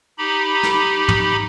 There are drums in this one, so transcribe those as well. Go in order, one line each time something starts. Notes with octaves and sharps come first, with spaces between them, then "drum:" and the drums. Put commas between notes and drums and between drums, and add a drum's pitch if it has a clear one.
D#4 G4 B5
drum: snare
drum: tom